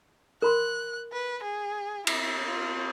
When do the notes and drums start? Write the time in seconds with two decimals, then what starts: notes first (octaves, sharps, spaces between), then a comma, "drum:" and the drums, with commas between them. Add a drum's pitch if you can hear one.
0.42 A#4 B5 C6 F#6
1.13 B4
1.44 G#4
2.07 E4, drum: cymbal
2.46 F4